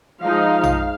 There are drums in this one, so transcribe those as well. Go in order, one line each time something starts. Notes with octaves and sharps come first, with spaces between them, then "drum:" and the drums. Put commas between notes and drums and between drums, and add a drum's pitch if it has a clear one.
F3 G#3 D#4 F5
drum: tom A#1